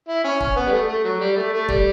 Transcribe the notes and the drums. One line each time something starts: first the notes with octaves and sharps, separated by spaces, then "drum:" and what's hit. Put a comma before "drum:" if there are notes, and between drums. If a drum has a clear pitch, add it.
E4
C#4
C#4, drum: kick
B3
G3
A3
A3
F#3
G3
A3
A3
G3, drum: kick